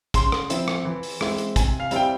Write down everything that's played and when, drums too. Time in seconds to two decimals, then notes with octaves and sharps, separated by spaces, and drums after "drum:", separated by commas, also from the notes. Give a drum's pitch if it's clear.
0.14 C#3 C6, drum: kick, hi-hat
0.32 drum: rim click
0.50 F3 C4 E4, drum: hi-hat
0.68 drum: rim click
0.85 E3
1.03 drum: open hi-hat
1.21 G#3 C4 E4, drum: rim click
1.38 drum: hi-hat
1.56 C3 G#5, drum: kick, hi-hat
1.80 F5
1.91 G3 C4 E4 G5, drum: hi-hat